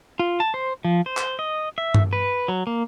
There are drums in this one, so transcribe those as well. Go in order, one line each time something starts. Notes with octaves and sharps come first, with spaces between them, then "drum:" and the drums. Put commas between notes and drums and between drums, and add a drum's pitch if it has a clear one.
F4
A5
C5
F3
C5
drum: clap
D#5
E5
drum: tom G2
B4
F#3
A#3